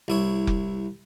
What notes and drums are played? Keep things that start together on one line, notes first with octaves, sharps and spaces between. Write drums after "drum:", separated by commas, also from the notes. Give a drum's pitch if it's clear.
C2 E4 C#5
drum: kick F1